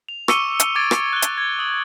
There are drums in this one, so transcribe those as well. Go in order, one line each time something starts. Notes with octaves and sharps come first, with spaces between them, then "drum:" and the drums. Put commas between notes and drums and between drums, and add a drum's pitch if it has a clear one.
F7
C#6 D6 E6 C#7 D#7 G7, drum: rim click
drum: hi-hat
D6 E6 G#6 A6 D7
drum: rim click
F#6 G7
drum: hi-hat
G#6
D#6 F#7